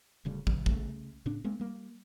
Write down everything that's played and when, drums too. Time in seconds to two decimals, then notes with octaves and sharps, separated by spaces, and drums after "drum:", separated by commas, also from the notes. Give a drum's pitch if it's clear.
0.25 D1 D2 C#3 G3
0.47 C3 D#3 F3 G3, drum: kick
0.66 C2 C#3 A3, drum: kick
1.26 A2 C#3 C4 D4
1.44 G#3 A#3 C4
1.60 G3 A#3